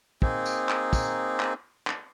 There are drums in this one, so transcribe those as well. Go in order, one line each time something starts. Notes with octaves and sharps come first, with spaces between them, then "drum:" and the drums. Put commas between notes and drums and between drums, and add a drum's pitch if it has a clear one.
A#3 C4 D#4 G#4, drum: kick
drum: tambourine
drum: clap
drum: kick, tambourine
drum: clap
drum: clap